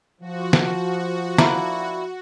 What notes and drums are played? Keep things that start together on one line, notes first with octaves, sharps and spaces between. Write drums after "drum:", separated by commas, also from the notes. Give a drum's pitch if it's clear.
F3 F#4
drum: snare
D3 A#3 E4, drum: snare